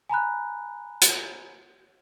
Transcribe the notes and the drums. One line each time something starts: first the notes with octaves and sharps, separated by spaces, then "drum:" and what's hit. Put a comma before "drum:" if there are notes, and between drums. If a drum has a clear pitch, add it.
G#5 A#5 B5 F#6
drum: hi-hat